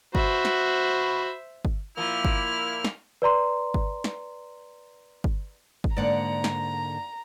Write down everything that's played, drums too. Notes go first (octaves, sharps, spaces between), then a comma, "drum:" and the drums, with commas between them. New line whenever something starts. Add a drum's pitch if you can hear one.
F#4 C5 E5 B5, drum: kick G1
drum: snare
drum: kick G1
A#2 F3 A#3 E4 F6
drum: kick G1
drum: snare
B4 D5 A#5 C6
drum: kick G1
drum: snare
drum: kick G1
drum: kick G1
G#2 D3 A#3 D5 F#5 A#5
drum: snare